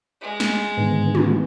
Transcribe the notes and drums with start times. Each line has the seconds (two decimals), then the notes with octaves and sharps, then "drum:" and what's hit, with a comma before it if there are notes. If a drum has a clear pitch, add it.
0.21 G#3
0.40 drum: snare
0.77 G#2 D3 D#3 B3
1.15 drum: tom